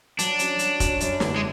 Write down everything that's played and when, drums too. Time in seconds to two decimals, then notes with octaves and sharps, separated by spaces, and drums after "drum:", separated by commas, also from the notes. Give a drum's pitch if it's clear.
0.19 F#3 D4, drum: hi-hat
0.39 C#4 F#4, drum: hi-hat
0.59 F#3, drum: hi-hat
0.80 C#4 F#4, drum: kick F1, hi-hat
1.00 F#2, drum: hi-hat
1.20 D3 A3, drum: snare
1.36 G#3